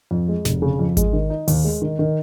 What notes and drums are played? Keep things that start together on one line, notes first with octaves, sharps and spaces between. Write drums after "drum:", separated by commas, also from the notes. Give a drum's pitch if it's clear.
F2
G#3
F1, drum: snare
C#3
F2
G#3, drum: kick G#1, hi-hat
D#3
D#4
D#2, drum: open hi-hat
G#3
D#3
D#3